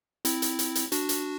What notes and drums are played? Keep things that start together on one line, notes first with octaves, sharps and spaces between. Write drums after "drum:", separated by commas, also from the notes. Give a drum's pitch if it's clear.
C4 E4, drum: hi-hat
drum: hi-hat
drum: hi-hat
drum: hi-hat
D4 F#4, drum: hi-hat
drum: hi-hat